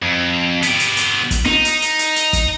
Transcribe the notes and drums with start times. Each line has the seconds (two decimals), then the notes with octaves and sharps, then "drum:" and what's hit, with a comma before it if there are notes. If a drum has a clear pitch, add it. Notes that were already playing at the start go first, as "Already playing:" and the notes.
0.02 F2
0.62 B3 G4, drum: hi-hat
0.80 drum: hi-hat
0.97 drum: hi-hat
1.31 drum: kick, hi-hat
1.45 D#4, drum: snare
1.65 drum: hi-hat
1.82 drum: hi-hat
1.99 drum: hi-hat
2.16 drum: hi-hat
2.33 drum: kick, hi-hat